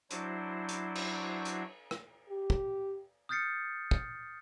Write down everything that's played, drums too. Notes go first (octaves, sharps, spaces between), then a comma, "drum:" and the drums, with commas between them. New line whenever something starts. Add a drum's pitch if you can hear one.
F#3 D4 E4 F#4 C5, drum: hi-hat
drum: hi-hat
drum: cymbal
drum: hi-hat
drum: rim click
G4
drum: kick
D#6 F6 G6 A6 C7 C#7
drum: kick